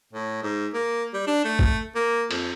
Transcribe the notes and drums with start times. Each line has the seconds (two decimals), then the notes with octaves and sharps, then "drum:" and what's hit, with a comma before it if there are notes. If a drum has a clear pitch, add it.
0.13 A2
0.42 G#2
0.74 A#3
1.13 G3
1.27 D4
1.45 A3
1.59 drum: kick G1
1.95 A#3
2.31 F2, drum: cymbal